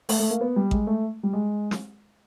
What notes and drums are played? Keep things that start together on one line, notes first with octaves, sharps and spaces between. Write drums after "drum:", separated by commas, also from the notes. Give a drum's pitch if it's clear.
A3, drum: open hi-hat
A3
A#3
B3
G3
G#3, drum: kick A1
A3
G3
G#3
drum: snare